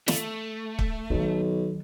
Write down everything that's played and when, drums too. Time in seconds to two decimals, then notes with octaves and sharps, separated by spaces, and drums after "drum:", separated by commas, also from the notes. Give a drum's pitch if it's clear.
0.08 A3, drum: snare
0.79 drum: kick
1.10 B1 D#3 F#3